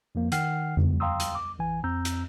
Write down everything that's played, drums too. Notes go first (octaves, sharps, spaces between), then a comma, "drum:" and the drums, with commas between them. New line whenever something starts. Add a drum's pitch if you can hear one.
F2 F3 A#3
D#3 F#5 G5 F6 C7, drum: hi-hat
drum: tom F2
F5 G5 A#5 C6 D#6 E6
drum: hi-hat
D6
A1 E3 G#5
F2 C4 A#5 E6 G6
drum: hi-hat